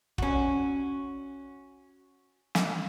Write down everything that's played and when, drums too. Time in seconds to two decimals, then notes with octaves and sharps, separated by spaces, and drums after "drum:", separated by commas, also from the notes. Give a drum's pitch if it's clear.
0.18 C#4 F#4, drum: kick
2.55 drum: snare